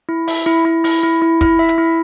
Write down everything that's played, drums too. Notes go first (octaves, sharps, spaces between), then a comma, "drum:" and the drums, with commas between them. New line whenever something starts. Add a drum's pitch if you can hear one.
E4
E5, drum: open hi-hat
E4
E4
E4, drum: open hi-hat
E4
E4
E4, drum: kick, hi-hat
E5
drum: hi-hat
E4